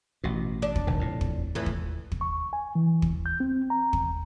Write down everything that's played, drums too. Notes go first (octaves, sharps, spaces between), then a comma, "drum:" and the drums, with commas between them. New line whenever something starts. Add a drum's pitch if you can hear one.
A1 B2
D4
drum: kick
F1 A#1 D#3
F2 A2
drum: kick
F2 A2 E3
drum: kick
drum: kick
C#6
G#5
E3
drum: kick
G6
C4
A#5
drum: kick